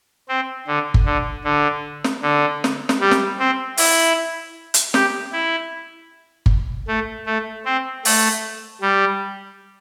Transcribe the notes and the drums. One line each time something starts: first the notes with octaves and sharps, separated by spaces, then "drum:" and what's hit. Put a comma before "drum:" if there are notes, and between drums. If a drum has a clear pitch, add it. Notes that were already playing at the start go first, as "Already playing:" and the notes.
C4
D3
drum: kick G1
D3
D3
drum: snare
D3
drum: snare
drum: snare
G3
drum: snare
C4
E4, drum: open hi-hat
drum: hi-hat
G4, drum: snare
E4
drum: kick G1
A3
A3
C4
A3, drum: open hi-hat
G3